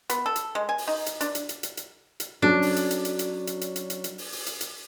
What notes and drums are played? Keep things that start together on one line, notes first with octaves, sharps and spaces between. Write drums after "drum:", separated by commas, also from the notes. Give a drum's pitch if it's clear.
B3, drum: hi-hat
A4
drum: hi-hat
G#3
G#5
drum: open hi-hat
D#4
drum: hi-hat
D4, drum: hi-hat
drum: hi-hat
drum: hi-hat
drum: hi-hat
drum: hi-hat
drum: hi-hat
F#3 C#4 D4 A4
drum: open hi-hat
drum: hi-hat
drum: hi-hat
drum: hi-hat
drum: hi-hat
drum: hi-hat
drum: hi-hat
drum: hi-hat
drum: hi-hat
drum: hi-hat
drum: open hi-hat
drum: open hi-hat
drum: hi-hat
drum: hi-hat